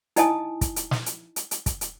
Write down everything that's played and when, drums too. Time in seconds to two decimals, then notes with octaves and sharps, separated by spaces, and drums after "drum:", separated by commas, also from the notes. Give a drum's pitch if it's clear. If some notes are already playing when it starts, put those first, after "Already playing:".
0.16 D#4 E4 D#5 G#5 A5 D#6, drum: hi-hat
0.61 drum: kick, hi-hat
0.76 drum: hi-hat
0.91 drum: snare
1.06 drum: hi-hat
1.36 drum: hi-hat
1.51 drum: hi-hat
1.66 drum: kick, hi-hat
1.81 drum: hi-hat